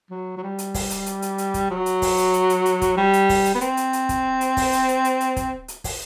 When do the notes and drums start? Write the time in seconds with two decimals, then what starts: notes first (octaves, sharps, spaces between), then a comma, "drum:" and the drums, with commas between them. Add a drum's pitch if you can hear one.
0.11 F#3
0.37 F#3
0.43 G3
0.58 drum: hi-hat
0.74 drum: kick, open hi-hat
0.90 drum: hi-hat
1.06 drum: hi-hat
1.22 drum: hi-hat
1.38 drum: hi-hat
1.54 drum: kick, hi-hat
1.71 F#3
1.86 drum: hi-hat
2.02 drum: kick, open hi-hat
2.18 drum: hi-hat
2.34 drum: hi-hat
2.50 drum: hi-hat
2.66 drum: hi-hat
2.82 drum: kick, hi-hat
2.97 G3
3.13 drum: hi-hat
3.29 drum: kick, open hi-hat
3.45 drum: hi-hat
3.55 B3
3.61 C4, drum: hi-hat
3.77 drum: hi-hat
3.93 drum: hi-hat
4.09 drum: kick, hi-hat
4.41 drum: hi-hat
4.57 drum: kick, open hi-hat
4.73 drum: hi-hat
4.89 drum: hi-hat
5.05 drum: hi-hat
5.21 drum: hi-hat
5.36 drum: kick, hi-hat
5.68 drum: hi-hat
5.84 drum: kick, open hi-hat